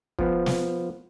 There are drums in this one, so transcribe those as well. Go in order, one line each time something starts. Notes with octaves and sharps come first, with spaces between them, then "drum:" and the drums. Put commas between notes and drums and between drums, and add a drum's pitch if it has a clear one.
F3 B3, drum: kick
drum: snare